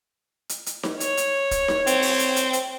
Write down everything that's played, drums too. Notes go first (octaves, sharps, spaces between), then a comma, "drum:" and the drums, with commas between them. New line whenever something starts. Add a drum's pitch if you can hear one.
drum: hi-hat
drum: hi-hat
drum: snare D#4
C#5, drum: hi-hat
drum: hi-hat
drum: kick, hi-hat
drum: snare D#4
C4, drum: hi-hat
drum: open hi-hat
drum: hi-hat
drum: hi-hat
drum: hi-hat